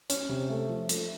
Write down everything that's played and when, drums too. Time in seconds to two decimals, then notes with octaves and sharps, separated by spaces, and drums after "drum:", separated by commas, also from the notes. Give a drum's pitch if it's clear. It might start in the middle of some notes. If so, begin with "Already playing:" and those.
0.10 C#4, drum: hi-hat
0.29 C3
0.50 A3
0.69 F3
0.89 A3, drum: hi-hat